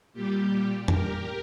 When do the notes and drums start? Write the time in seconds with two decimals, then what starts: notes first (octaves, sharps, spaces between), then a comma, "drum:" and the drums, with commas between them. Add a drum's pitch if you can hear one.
0.13 A#2 G3 G4
0.88 G4 A#4, drum: tom F2